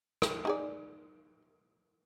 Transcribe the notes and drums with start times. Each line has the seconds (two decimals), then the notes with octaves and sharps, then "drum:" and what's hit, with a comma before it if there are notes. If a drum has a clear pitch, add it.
0.22 drum: rim click
0.45 D#4 G#4 D5